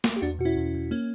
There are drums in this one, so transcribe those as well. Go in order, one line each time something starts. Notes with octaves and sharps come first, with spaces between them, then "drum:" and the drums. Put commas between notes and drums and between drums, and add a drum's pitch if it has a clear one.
drum: snare
G4
E2 D4 F#4
B2 F#4
C#4 E4
E2
B2
A#3 C#4